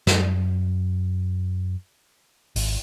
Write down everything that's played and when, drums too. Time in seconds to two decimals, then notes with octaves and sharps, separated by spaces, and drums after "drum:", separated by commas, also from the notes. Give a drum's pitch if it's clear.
0.07 F#2, drum: snare
2.56 G#1, drum: open hi-hat